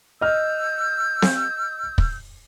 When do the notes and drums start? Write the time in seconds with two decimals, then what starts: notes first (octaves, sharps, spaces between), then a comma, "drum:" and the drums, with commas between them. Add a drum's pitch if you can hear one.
0.21 D#5 E6 F6 G6
1.22 drum: snare C4
1.98 drum: kick